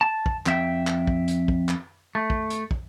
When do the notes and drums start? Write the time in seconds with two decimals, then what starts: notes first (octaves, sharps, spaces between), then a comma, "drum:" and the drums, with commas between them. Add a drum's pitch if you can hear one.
0.01 A5
0.26 drum: kick
0.46 F2 E5 G5, drum: clap
0.87 drum: clap
1.07 drum: kick
1.28 drum: hi-hat
1.48 drum: kick
1.69 drum: clap
2.15 A3
2.30 drum: kick
2.50 drum: hi-hat
2.71 drum: kick